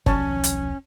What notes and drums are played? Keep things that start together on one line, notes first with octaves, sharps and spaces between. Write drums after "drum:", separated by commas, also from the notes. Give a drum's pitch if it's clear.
D#1 B1 F3 C#4 C#5 A5, drum: kick G1
drum: hi-hat